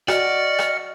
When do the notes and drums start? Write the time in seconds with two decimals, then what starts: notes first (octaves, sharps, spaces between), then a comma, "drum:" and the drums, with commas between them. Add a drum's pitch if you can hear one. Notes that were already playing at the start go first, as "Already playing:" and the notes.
0.08 F#4 D5 D#5 F6 C#7, drum: rim click
0.59 drum: rim click